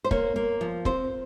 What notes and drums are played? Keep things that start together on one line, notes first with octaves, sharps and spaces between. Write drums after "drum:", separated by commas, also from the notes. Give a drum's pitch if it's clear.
C5
A#3 C#5, drum: kick
A#3
F3
C4 C5, drum: kick